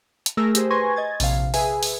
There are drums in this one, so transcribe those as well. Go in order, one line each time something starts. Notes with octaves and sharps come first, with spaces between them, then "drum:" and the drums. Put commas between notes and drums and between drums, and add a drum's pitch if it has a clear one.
drum: hi-hat
A3 G#4 A#4 E6 A#6
G4 G#4 C5, drum: hi-hat
B4 G#5 C6 C#6 G#6 A#6
D#5 G#6 A6
A#1 C3 F5, drum: open hi-hat
G#4 B4 E5 G#5, drum: open hi-hat
drum: open hi-hat